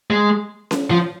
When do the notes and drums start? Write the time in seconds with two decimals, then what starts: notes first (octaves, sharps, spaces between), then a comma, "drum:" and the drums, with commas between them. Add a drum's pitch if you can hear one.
0.10 G#3
0.71 drum: snare C#4
0.91 F3